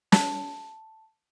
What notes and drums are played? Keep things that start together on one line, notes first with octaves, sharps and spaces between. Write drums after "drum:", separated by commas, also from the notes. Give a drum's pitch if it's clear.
A5, drum: snare